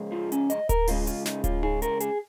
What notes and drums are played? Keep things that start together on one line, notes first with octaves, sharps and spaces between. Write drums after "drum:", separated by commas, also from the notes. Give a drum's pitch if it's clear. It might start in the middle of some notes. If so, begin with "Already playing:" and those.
Already playing: C#2 F3 G#3
F4
C#4, drum: hi-hat
D#5, drum: hi-hat
A#4, drum: kick D1, hi-hat
C#2 C#3 G#3 F4, drum: open hi-hat
F4, drum: hi-hat
D#4, drum: snare
F4, drum: kick D1, hi-hat
G#4, drum: tom D#4
A#4, drum: hi-hat
G#4, drum: hi-hat